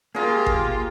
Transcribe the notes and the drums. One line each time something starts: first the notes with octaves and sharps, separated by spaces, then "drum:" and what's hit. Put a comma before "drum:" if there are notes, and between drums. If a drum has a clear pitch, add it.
A#3 F4 G4 G#4 A#4
drum: kick G#1